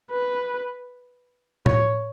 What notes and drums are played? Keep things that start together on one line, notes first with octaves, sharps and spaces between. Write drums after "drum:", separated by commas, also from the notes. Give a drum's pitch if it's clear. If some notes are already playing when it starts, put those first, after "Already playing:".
B4
C#5, drum: tom A2